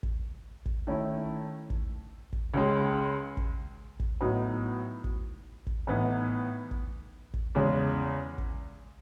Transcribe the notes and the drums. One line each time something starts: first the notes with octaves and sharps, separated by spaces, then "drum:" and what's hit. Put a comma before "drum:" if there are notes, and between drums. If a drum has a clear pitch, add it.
drum: kick
drum: kick
D#3 A3 C#4 E4
drum: kick
drum: kick
C#2 C#3 G#3
drum: kick
drum: kick
A2 F#3 B3 D#4
drum: kick
drum: kick
A2 E3 B3 D#4
drum: kick
drum: kick
E2 C#3 G#3
drum: kick